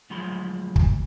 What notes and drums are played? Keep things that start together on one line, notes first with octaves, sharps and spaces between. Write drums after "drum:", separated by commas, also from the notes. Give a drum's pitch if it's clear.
D2 F3 F#3 G#3 B5 C6
drum: kick